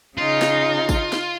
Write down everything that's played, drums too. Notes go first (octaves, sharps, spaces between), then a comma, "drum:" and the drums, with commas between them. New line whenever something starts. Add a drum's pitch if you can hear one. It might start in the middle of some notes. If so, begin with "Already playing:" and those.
C#3 D#4 F4
drum: snare
drum: kick, tambourine
drum: snare